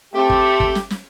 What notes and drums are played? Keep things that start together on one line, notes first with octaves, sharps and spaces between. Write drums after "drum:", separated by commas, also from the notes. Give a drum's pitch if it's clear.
A3 C4 G4
drum: kick
drum: kick
drum: snare
drum: snare